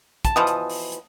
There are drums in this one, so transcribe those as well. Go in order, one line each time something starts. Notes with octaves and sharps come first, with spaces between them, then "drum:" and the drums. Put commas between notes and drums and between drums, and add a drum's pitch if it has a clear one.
A5, drum: kick, hi-hat
B2 E3 F3 D#6
drum: hi-hat
drum: open hi-hat
drum: hi-hat